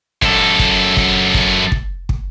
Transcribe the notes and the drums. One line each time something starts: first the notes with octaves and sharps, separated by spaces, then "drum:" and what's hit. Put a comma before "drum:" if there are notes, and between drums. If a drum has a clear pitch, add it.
F#2 A4, drum: kick
drum: kick
drum: kick
drum: kick
drum: kick
drum: kick